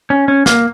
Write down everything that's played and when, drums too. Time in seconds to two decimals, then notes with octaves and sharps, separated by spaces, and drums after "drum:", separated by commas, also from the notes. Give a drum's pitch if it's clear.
0.10 C#4
0.28 C#4
0.46 A#3, drum: snare